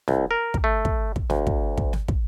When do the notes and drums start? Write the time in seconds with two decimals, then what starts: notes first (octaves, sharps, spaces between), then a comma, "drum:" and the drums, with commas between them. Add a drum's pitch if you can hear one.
0.08 C2, drum: snare
0.31 A#4
0.54 drum: kick
0.64 A3
0.85 drum: kick
1.16 drum: kick
1.30 D2, drum: snare
1.47 drum: kick
1.78 drum: kick
1.93 drum: snare
2.08 drum: kick